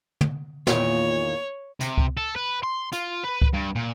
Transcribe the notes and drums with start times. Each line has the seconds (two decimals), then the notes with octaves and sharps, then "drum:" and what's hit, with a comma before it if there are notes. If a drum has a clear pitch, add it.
0.21 drum: tom
0.67 E2 A#2 D#3 C#5, drum: snare
1.81 C3, drum: hi-hat
1.98 drum: kick C#2
2.17 A4
2.36 B4
2.63 C6
2.92 F4, drum: hi-hat
3.24 B4
3.42 drum: kick C#2
3.53 G2
3.75 A#2